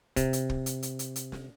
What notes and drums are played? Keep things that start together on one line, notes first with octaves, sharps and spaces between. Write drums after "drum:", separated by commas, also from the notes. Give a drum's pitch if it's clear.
C3, drum: kick, hi-hat
drum: hi-hat
drum: kick
drum: hi-hat
drum: hi-hat
drum: hi-hat
drum: hi-hat
drum: snare